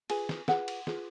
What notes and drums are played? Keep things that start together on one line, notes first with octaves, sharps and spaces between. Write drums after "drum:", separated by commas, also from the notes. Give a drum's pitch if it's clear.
F4 G#4 B4 G#5, drum: cymbal
drum: snare
F4 G#4 B4 F#5, drum: snare
drum: cymbal
F4 G#4 B4, drum: snare